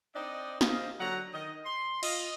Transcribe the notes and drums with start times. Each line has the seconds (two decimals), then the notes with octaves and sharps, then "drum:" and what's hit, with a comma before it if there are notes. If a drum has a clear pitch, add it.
0.15 C4 D4 D#4 D5 D#5
0.61 F4 G4 A#4 C5 D#5, drum: snare
1.00 D3 F#3 C#5 F#5 A#5
1.34 D#3 D#5
1.66 C6
2.03 F4 D#5, drum: cymbal